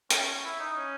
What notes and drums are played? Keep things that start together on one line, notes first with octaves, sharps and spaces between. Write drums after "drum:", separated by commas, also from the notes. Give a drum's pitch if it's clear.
C#4, drum: hi-hat
C#4
E4
D#4
C#4